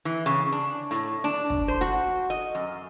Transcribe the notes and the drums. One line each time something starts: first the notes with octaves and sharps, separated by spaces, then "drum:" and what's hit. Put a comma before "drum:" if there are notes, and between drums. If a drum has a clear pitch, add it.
E3
C#3
D4
A2, drum: hi-hat
D4, drum: snare
drum: kick
C5
F#4, drum: snare
D#5
F#2